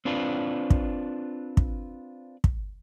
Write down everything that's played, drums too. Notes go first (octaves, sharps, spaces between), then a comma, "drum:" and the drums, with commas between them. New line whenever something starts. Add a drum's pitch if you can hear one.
C4 D4 F4 B4
drum: kick
drum: kick
drum: kick